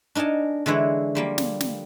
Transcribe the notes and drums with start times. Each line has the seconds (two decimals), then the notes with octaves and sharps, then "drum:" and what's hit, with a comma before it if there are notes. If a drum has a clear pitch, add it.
0.15 D4 D#4 A#4 G#5 A5
0.66 D3 E3 G#3 E4 C#5
1.15 F3 G3 A#3
1.38 drum: snare
1.61 drum: snare